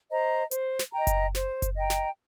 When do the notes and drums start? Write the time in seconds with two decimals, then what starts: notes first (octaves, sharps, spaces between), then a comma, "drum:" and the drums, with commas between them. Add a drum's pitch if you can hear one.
0.10 C5 D#5 A#5
0.51 C5, drum: hi-hat
0.79 drum: snare
0.93 D#5 G5 A#5
1.07 drum: kick F#1, hi-hat
1.35 C5, drum: snare
1.62 drum: kick F#1, hi-hat
1.75 D#5 G5 A#5
1.90 drum: snare